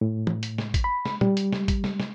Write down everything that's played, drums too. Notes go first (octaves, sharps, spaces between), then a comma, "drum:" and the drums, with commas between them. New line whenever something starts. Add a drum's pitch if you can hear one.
A2
drum: tom
drum: hi-hat
drum: snare
drum: kick, hi-hat
B5
drum: snare
G3, drum: tom
drum: hi-hat
drum: snare
drum: kick, hi-hat
drum: snare
drum: snare